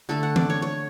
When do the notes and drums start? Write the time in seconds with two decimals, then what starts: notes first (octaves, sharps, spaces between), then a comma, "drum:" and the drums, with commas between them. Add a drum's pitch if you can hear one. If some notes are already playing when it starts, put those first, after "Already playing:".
0.09 D3 A3 A4
0.23 F#5
0.36 D5, drum: tom E3
0.50 C#5
0.62 C#5